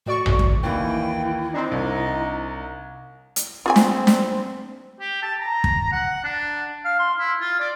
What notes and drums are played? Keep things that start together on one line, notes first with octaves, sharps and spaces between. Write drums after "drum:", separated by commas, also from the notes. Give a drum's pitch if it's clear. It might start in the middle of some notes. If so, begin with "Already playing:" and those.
A2 F#4 D5 C#6
drum: tom A1
drum: kick
D#2 E3 E4 G5
C4 D4 D#4
C2
drum: hi-hat
C4 F4 G#4 G#5
drum: snare
drum: snare
G4
A5
A#5
drum: kick
F#5
D4
F5
C6
E4
F4
D5